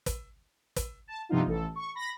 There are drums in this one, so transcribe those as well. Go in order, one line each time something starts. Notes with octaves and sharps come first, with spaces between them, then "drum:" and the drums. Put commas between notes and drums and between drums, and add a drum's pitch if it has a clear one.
drum: kick, hi-hat
drum: kick, hi-hat
A5
G2 C3 F3 B3 D#4 F4
A1 A4
C#6
B5 A#6